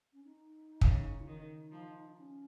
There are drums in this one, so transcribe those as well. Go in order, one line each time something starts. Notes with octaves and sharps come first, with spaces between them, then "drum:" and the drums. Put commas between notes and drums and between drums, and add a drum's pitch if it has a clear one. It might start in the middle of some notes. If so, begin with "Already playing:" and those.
C#4
D#4
C#3, drum: kick
F4
D#3 D#4
F3
C#4